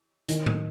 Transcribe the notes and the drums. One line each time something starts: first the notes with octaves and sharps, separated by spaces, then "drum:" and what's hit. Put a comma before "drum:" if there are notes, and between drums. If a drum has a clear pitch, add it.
D#3, drum: hi-hat
drum: tom A2